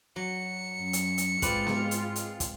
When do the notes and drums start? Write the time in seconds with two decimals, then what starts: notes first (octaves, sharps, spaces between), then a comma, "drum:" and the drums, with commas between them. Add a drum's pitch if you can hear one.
0.16 F#3 C#7
0.77 F#2
0.93 drum: hi-hat
1.18 drum: hi-hat
1.42 G#2 G#3 C4 F4 B4 D5, drum: kick, hi-hat
1.67 drum: snare B3
1.91 drum: hi-hat
2.16 drum: hi-hat
2.40 drum: kick, hi-hat